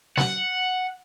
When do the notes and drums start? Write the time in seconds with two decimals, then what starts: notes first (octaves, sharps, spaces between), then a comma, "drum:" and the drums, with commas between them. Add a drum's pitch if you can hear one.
0.17 F#5, drum: snare